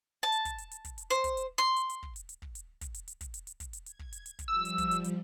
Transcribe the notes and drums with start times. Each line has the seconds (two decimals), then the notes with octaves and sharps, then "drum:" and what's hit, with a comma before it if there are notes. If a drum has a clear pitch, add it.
0.23 A5
0.32 drum: hi-hat
0.45 drum: kick, hi-hat
0.58 drum: hi-hat
0.71 drum: hi-hat
0.85 drum: kick, hi-hat
0.98 drum: hi-hat
1.10 C5, drum: hi-hat
1.24 drum: kick, hi-hat
1.37 drum: hi-hat
1.58 C6
1.76 drum: hi-hat
1.89 drum: hi-hat
2.03 drum: kick
2.16 drum: hi-hat
2.29 drum: hi-hat
2.42 drum: kick
2.55 drum: hi-hat
2.81 drum: kick, hi-hat
2.94 drum: hi-hat
3.08 drum: hi-hat
3.21 drum: kick, hi-hat
3.34 drum: hi-hat
3.47 drum: hi-hat
3.60 drum: kick, hi-hat
3.73 drum: hi-hat
3.86 G#6, drum: hi-hat
3.99 drum: kick
4.12 drum: hi-hat
4.26 drum: hi-hat
4.39 drum: kick, hi-hat
4.48 F3 G3 E6
4.65 drum: hi-hat
4.78 drum: kick, hi-hat
4.91 drum: hi-hat
5.04 drum: hi-hat